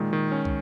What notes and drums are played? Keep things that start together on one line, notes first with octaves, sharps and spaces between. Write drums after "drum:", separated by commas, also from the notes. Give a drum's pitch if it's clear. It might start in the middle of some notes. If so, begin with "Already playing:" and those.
Already playing: A#2 D#3 G#3
D#3
C#4
drum: kick